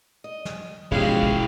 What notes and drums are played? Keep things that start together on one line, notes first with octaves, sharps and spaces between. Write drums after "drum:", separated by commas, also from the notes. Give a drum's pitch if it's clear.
D#5
drum: snare
B2 E3 F3 G#3 C#4 E4 G4 F5, drum: kick
drum: kick